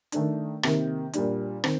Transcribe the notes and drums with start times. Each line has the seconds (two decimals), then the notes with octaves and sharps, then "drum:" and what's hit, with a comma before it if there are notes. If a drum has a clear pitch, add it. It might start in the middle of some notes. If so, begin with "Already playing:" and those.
0.12 D#3 A3 D4, drum: hi-hat
0.63 C3 D#3 A#3, drum: rim click
1.13 A#2 G3 D4, drum: hi-hat
1.64 D#3 C4, drum: rim click